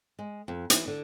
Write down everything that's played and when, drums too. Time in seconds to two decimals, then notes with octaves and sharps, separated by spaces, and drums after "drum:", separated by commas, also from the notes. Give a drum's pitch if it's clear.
0.19 G#3
0.48 F2
0.70 E3, drum: hi-hat
0.87 D3